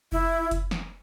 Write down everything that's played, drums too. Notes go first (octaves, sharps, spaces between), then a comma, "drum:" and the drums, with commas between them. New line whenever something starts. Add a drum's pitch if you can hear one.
E4, drum: kick F1
drum: kick F1, hi-hat
drum: snare